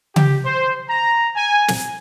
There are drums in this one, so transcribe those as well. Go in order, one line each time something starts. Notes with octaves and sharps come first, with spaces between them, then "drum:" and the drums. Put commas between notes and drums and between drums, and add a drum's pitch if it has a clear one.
G4, drum: tom C#3
C5
A#5
G#5
drum: snare